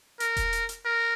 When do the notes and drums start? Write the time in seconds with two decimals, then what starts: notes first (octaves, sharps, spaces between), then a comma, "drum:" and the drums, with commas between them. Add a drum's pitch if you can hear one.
0.20 A#4, drum: hi-hat
0.37 drum: kick E1, hi-hat
0.53 drum: hi-hat
0.69 drum: hi-hat
0.85 A#4